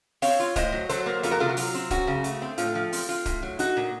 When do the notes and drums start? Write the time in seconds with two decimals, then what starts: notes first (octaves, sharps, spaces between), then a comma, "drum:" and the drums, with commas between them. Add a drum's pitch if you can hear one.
0.22 C4 C#5 F5, drum: open hi-hat
0.40 F4
0.56 A2 C5 D#5, drum: kick, hi-hat
0.73 F#3
0.89 F#3 A4 C5, drum: hi-hat
1.06 A#3
1.23 F2 F4 A4, drum: hi-hat
1.31 F#4 A#4
1.40 C3 F4 A4
1.49 F#4
1.57 F#3 F4, drum: open hi-hat
1.75 C4
1.90 F#2 F#4, drum: kick, hi-hat
2.07 C#3
2.24 A3, drum: hi-hat
2.42 C4
2.58 A2 F4 A4, drum: hi-hat
2.75 F3
2.93 C4, drum: open hi-hat
3.09 F4
3.26 A2, drum: kick, hi-hat
3.43 F#3
3.59 D#4 F#4, drum: hi-hat
3.77 A#2